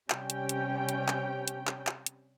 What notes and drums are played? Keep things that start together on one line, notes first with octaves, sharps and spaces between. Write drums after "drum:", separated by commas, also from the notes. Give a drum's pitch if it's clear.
C3 G3 C#4 G5, drum: clap
drum: hi-hat
drum: hi-hat
drum: hi-hat
drum: clap
drum: hi-hat
drum: clap
drum: clap
drum: hi-hat